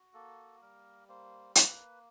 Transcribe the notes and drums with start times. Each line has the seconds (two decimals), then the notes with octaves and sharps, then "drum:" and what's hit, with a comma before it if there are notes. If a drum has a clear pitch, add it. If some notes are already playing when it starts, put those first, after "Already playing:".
Already playing: F#4
0.14 A#3 A4
0.62 G3 A#4
1.08 A#3 C5
1.55 A#3 B4, drum: hi-hat